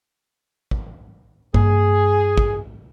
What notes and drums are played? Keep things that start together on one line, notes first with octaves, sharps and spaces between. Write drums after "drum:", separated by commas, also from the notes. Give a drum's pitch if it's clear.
drum: kick
G2 A#3 G#4, drum: kick
drum: kick